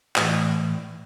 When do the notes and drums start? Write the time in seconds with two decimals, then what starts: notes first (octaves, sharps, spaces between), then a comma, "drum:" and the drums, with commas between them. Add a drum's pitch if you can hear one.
0.16 A2 E3 D5, drum: clap